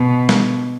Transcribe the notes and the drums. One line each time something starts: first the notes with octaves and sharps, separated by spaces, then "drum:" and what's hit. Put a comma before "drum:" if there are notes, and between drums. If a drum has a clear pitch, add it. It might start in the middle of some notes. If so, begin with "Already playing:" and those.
Already playing: B2
drum: snare